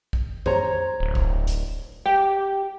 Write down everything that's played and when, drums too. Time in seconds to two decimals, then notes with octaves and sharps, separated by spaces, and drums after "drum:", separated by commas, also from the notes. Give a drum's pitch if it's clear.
0.13 drum: kick
0.46 C5 C#5 A#5, drum: tom F2
1.00 D1
1.15 drum: kick
1.47 drum: hi-hat
2.06 G4 G5